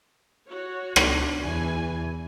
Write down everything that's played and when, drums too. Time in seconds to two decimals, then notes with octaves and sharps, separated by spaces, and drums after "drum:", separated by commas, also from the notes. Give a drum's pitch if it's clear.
0.47 F#4 C#5
0.96 D4, drum: rim click
1.42 E2 E3 G#5